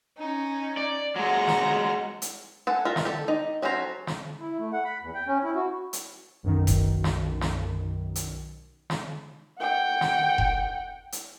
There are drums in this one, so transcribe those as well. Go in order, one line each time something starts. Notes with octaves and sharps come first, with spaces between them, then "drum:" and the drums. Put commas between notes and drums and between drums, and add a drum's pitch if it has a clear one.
C#4 D#4
D5
F#3 G#3 F#5 A#5
drum: snare
drum: hi-hat
A4 F#5 G#5
F4 A#4 E5
drum: snare
G4 A4
D#4
F#3 C#4 A4 C5 A#5
drum: snare
E4
A3
F#5
B5
E2
G5
C#4
E4
F#4
drum: hi-hat
B1 F#2 D#3
drum: kick F1, hi-hat
drum: snare
drum: snare
drum: hi-hat
drum: snare
F#5 G5
drum: snare
drum: kick F1
drum: hi-hat